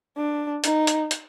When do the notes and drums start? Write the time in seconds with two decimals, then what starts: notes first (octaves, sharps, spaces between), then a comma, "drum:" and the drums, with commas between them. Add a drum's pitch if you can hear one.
0.17 D4
0.64 D#4, drum: hi-hat
0.87 drum: hi-hat
1.11 drum: hi-hat